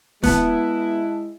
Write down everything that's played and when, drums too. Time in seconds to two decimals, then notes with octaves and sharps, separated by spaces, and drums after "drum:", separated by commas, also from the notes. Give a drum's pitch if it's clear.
0.23 G#3 B3 E4 A5 F#6, drum: snare D#1